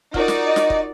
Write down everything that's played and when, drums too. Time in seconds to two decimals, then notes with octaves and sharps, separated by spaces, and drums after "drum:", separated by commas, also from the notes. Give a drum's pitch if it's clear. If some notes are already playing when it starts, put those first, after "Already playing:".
0.14 D#4 F4 F#4 A#4 D5, drum: kick
0.28 drum: snare
0.45 D#5
0.56 drum: snare
0.70 drum: kick